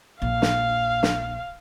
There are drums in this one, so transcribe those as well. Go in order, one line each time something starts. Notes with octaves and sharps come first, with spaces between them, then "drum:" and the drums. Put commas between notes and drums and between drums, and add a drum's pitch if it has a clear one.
A#1 F5
drum: snare
drum: snare